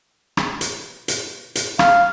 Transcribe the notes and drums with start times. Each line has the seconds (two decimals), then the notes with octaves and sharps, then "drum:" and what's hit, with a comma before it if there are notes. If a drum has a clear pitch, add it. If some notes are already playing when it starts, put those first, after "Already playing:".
0.37 drum: rim click
0.61 drum: hi-hat
1.08 drum: hi-hat
1.55 drum: hi-hat
1.79 F5, drum: rim click